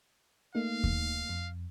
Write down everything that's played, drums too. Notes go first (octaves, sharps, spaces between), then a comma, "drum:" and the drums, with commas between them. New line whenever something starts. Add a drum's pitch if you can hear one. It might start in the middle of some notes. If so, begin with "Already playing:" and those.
A3 A#3 D#4 F5
drum: kick D#2
F2